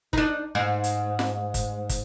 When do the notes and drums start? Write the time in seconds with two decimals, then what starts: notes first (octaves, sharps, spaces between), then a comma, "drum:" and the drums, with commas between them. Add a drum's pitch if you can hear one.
0.13 D4 D#4, drum: kick
0.55 G#2
0.84 drum: hi-hat
1.19 drum: snare F4
1.54 drum: kick, hi-hat
1.89 drum: kick, hi-hat